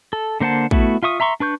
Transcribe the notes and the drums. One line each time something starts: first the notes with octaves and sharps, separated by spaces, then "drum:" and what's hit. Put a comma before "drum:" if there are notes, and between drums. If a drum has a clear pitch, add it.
A4
D3 A#3 C5 F#5 A5
A3 B3 E4 F#4, drum: kick
F4 E5 C#6 D#6
E5 A#5 C6 C#6
D4 B4 C#6 G6